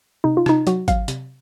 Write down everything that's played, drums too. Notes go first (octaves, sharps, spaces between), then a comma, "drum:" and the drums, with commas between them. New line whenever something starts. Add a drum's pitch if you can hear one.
C3 D#4
F4
C3 D#4, drum: rim click
F#3 F#4, drum: hi-hat
F#3 F5, drum: kick G#1, hi-hat
C3, drum: hi-hat